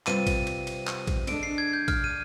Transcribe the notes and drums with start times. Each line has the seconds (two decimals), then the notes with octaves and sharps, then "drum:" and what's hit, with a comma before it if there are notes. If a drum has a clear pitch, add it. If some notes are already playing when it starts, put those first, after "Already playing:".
0.07 C3 G3 C4 F4 B4 D#7, drum: clap
0.27 drum: kick A#1, cymbal
0.47 drum: cymbal
0.67 drum: cymbal
0.87 drum: clap
1.07 drum: kick A#1, cymbal
1.27 D3 G#3 D4 D7, drum: cymbal
1.43 C7
1.58 G#6
1.73 G6
1.88 F6, drum: kick A#1, cymbal
2.04 D#7